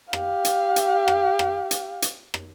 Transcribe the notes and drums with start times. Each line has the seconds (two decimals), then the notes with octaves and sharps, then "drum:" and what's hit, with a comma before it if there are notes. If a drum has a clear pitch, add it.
0.13 G4 F5, drum: rim click
0.45 drum: hi-hat
0.76 drum: hi-hat
1.08 drum: rim click
1.39 drum: rim click
1.71 drum: hi-hat
2.02 drum: hi-hat
2.34 drum: rim click